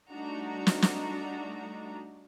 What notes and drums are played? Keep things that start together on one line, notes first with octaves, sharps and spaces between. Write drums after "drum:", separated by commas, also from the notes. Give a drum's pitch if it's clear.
G3 A3 D4 D#4 F#4 A#5
drum: snare
drum: snare